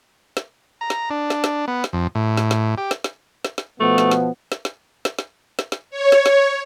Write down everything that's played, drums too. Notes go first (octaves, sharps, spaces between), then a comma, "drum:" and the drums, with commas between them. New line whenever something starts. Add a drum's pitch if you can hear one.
drum: snare
A#5
drum: snare
D4
drum: snare
drum: snare
B3
drum: snare
F2
A2
drum: snare
drum: snare
G4
drum: snare
drum: snare
drum: snare
drum: snare
B2 F3 A3 B3
drum: snare
drum: snare
drum: snare
drum: snare
drum: snare
drum: snare
drum: snare
drum: snare
C#5
drum: snare
drum: snare